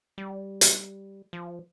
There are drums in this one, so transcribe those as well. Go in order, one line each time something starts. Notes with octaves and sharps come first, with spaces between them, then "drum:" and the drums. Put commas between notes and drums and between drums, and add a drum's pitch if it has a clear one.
G3
drum: hi-hat
F3